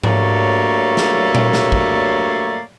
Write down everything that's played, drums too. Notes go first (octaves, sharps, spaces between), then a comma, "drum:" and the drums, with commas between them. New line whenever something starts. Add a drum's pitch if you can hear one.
G2 F#3 A3 A#3 C#5 D5, drum: tom G#2
drum: snare
drum: tom A#2
drum: snare
drum: kick